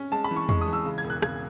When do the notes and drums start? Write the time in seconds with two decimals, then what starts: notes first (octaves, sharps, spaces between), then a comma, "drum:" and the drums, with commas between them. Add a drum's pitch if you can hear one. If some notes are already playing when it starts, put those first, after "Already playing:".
Already playing: C#4
0.12 G#3 A5
0.24 B5
0.31 E3
0.36 C#6
0.49 G#3 C#6, drum: tom E2
0.61 D#6
0.68 E3
0.73 E6
0.85 C#3
0.98 G#6
1.04 E1
1.10 F#6
1.22 C#3 G#6, drum: rim click